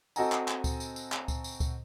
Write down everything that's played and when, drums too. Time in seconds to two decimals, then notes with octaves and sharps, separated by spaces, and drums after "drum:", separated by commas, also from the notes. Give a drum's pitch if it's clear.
0.16 C4 F#4 A4 D#5 G#5 A#5, drum: tambourine
0.32 drum: clap
0.48 drum: clap
0.64 drum: kick C#2, tambourine
0.80 drum: tambourine
0.96 drum: tambourine
1.12 drum: clap
1.28 drum: kick C#2, tambourine
1.44 drum: tambourine
1.60 drum: kick C#2, tambourine